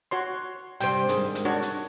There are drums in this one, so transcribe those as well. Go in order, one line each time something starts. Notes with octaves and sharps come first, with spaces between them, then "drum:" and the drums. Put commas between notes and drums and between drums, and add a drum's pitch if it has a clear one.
F#4 C#5 C6
G2 C3 G3 C5 G5, drum: hi-hat
G#2 D#3 G#4, drum: hi-hat
drum: hi-hat
D4 F#4 C#5
drum: hi-hat